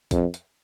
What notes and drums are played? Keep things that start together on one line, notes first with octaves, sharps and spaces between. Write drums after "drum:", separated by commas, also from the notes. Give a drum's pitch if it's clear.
F2, drum: kick, hi-hat
drum: hi-hat